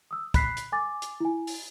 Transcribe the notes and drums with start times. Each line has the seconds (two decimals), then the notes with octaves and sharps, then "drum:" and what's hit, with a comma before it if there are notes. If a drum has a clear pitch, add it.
0.11 D#6 E6
0.34 B5 F#6 B6 C7, drum: kick, hi-hat
0.57 drum: hi-hat
0.72 G#5 D6 A6
1.02 drum: hi-hat
1.20 E4 G#5
1.47 drum: open hi-hat